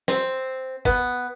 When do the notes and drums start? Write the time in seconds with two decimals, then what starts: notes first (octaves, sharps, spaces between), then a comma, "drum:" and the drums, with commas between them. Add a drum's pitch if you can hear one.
0.08 C4, drum: snare
0.85 B3, drum: kick